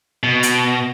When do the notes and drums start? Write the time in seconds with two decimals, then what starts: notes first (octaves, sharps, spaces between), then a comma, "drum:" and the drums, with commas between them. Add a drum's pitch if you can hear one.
0.23 B2
0.43 drum: hi-hat